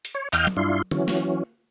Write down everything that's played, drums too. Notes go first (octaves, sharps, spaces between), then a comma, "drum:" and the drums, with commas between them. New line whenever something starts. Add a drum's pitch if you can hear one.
drum: hi-hat
C#5
E2 D#5 F5 G5 F6 G6, drum: clap
drum: tom F#3
G2 D4 E4 F4 C6
E3 F#3 C#4, drum: tom D3
drum: snare